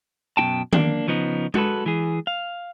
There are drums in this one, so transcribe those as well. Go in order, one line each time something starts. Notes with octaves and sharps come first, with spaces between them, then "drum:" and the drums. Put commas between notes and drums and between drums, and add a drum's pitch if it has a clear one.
F#2 B2 C4 D#4 G5 A5
A#3 D4, drum: tom D#3
C#3 F3 B3 D#4
G#3 F#4 G4 A4 B4, drum: tom G#3
E3 G#4
F5